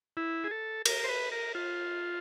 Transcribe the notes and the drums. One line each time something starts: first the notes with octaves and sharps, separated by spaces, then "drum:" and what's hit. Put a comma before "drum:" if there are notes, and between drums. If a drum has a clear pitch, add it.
E4
G#4
A4
A#4, drum: cymbal
C5
B4
A#4
F4